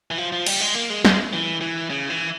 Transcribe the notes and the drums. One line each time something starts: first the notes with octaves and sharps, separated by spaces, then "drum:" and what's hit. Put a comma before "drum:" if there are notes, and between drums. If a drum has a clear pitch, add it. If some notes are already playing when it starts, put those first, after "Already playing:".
E3
F3
F3
G3, drum: cymbal
G#3
A#3
G#3
G#3, drum: snare
E3
E3
C#3
E3